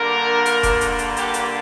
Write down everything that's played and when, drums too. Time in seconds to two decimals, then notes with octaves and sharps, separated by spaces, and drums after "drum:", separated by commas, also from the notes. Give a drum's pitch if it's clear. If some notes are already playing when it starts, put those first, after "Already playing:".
Already playing: G2 D3 A#3 A#4
0.46 drum: hi-hat
0.63 drum: kick E1, hi-hat
0.81 drum: hi-hat
0.99 drum: hi-hat
1.16 G4, drum: hi-hat
1.34 drum: hi-hat